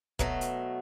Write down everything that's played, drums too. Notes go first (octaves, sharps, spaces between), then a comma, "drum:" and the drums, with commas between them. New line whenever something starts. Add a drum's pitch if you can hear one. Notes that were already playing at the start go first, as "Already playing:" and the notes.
B2 F#3 A3, drum: kick
drum: hi-hat